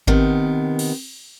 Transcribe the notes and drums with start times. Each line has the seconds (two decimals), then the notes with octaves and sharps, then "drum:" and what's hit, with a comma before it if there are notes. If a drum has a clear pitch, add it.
0.07 C3 D#3 B3, drum: kick G#1
0.79 drum: cymbal